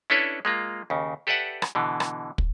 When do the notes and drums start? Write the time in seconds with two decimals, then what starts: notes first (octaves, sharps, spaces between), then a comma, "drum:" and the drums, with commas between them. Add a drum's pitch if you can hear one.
0.10 C#4 D4 E4 A4 B4 C#5
0.45 G#3 A#3 F4
0.90 D#2 C#3
1.27 G4 A4 B4 D5 E5 F#5
1.62 drum: rim click
1.75 B2 D3 E3
2.00 drum: rim click
2.38 drum: kick